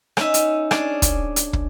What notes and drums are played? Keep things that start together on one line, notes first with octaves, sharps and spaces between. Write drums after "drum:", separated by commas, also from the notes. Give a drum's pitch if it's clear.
C#4 D#4 E5, drum: rim click
drum: hi-hat
C#4 D4 G#4 D5, drum: rim click
drum: kick, hi-hat
drum: hi-hat
drum: kick